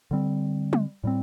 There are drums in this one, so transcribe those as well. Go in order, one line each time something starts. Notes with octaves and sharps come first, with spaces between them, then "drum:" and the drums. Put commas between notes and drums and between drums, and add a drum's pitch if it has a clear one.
D3 G3 C4
drum: tom
A2 G3 C4